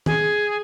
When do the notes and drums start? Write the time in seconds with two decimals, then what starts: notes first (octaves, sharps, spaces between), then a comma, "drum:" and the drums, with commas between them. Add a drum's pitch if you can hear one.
0.06 G#4, drum: tom